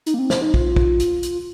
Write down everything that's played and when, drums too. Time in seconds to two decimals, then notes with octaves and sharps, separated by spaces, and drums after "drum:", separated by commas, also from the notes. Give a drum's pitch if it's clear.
0.06 D#4, drum: hi-hat
0.14 A#3
0.19 C4
0.30 C5, drum: snare
0.41 D#4
0.54 F4, drum: kick
0.76 drum: kick
1.00 drum: hi-hat
1.23 drum: hi-hat